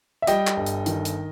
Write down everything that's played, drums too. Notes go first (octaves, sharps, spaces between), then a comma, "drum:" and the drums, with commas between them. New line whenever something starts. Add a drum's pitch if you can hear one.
E5
G3 D#5 G5, drum: hi-hat
drum: clap
G1
drum: hi-hat
D#3, drum: hi-hat
drum: hi-hat